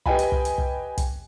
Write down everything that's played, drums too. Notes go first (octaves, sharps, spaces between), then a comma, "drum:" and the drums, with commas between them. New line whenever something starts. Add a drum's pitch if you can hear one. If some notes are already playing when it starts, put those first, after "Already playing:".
G4 B4 D#5 G5 G#5 B5, drum: kick
drum: hi-hat
drum: kick
drum: hi-hat
drum: kick
drum: kick, hi-hat